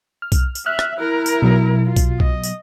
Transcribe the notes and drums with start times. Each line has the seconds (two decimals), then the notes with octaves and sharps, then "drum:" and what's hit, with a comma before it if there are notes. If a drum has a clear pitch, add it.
0.22 F6
0.32 drum: kick B1, tambourine
0.55 drum: tambourine
0.66 E5 F6 F#6
0.79 drum: rim click
0.98 E4 A#4
1.26 drum: tambourine
1.42 B2 F#3
1.86 F4
1.96 drum: kick B1, tambourine
2.20 D#5, drum: kick B1
2.44 drum: tambourine